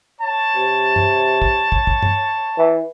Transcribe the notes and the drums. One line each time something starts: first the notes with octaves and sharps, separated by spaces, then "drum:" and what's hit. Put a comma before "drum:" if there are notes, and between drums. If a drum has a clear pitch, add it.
C#5 A5
C3
drum: tom G2
drum: kick
drum: kick
drum: kick
drum: tom G2
E3